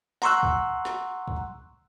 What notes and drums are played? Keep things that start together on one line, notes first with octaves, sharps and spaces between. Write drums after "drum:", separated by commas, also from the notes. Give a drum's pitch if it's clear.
F#5 A#5 C6 C#6 E6 F#6, drum: snare
drum: kick
drum: snare
drum: kick